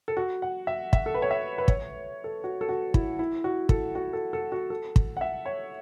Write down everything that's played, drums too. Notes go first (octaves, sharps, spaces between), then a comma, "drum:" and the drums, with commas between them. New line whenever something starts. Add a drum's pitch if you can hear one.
A4
F#4
F#5
E5
E5, drum: kick
A4
B4
C#5
E5
B4
C#5, drum: kick
A4
F#4
A4
F#4
E4, drum: kick
E4
F#4
A4, drum: kick
F#4
A4
A4
F#4
A4
drum: kick
F#5
E5
C#5